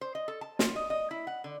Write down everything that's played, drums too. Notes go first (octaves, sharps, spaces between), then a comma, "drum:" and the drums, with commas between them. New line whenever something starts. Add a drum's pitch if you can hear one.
C5
D#5
A4
A5
F4, drum: snare
D#5
D#5
E4
F#5
D3